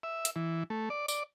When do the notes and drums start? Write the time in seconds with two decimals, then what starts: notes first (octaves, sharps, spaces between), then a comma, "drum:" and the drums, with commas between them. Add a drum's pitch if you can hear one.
0.03 E5
0.25 drum: hi-hat
0.36 E3
0.70 A3
0.90 D5
1.08 D5, drum: tambourine